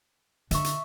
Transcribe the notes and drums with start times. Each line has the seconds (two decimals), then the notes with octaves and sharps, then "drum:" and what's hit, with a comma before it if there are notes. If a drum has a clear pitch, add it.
0.51 D3 E5 C#6, drum: hi-hat
0.64 drum: hi-hat